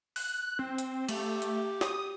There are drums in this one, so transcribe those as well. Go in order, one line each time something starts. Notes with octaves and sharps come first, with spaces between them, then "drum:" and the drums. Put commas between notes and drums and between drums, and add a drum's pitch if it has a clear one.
F#6, drum: open hi-hat
C4
drum: hi-hat
A3 G4, drum: cymbal
drum: hi-hat
D#6, drum: snare